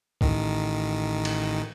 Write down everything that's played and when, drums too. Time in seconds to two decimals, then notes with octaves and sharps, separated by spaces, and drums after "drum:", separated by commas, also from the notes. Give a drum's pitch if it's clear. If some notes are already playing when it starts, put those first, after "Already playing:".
0.21 A1 D#3, drum: kick
1.25 drum: cymbal